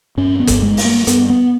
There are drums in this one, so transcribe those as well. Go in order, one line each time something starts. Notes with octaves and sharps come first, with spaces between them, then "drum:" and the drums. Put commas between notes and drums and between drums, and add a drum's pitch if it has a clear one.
G2 C#4
B3
G2, drum: kick, hi-hat
G#3
G2, drum: open hi-hat
A#3
G2 B3, drum: hi-hat
B3